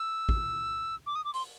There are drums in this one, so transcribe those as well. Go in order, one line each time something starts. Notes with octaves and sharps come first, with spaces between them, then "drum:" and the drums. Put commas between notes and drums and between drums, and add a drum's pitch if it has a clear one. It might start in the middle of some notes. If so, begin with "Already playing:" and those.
Already playing: E6
drum: kick
D6
D#6
D6
C6, drum: open hi-hat